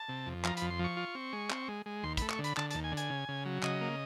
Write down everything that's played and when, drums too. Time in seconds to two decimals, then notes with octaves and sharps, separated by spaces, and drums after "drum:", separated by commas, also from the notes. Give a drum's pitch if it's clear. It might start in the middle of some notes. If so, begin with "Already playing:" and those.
Already playing: A5
0.09 C3
0.26 F2
0.44 F3 A#5, drum: clap
0.57 B5, drum: hi-hat
0.62 F2
0.70 C6
0.79 F3 C#6
0.97 F4
1.15 C4
1.33 G#3
1.50 C4, drum: clap
1.68 G#3
1.86 G#3
2.03 D#2 C6
2.17 B5, drum: kick, hi-hat
2.22 A3
2.30 C#6, drum: clap
2.39 D3
2.44 B5, drum: hi-hat
2.57 D3 A5, drum: clap
2.71 D#2 A5, drum: hi-hat
2.84 G#5
2.92 D3
2.97 G#5, drum: hi-hat
3.10 C#3
3.28 C#3
3.46 F#3
3.63 C#3 D#5, drum: clap
3.81 A#3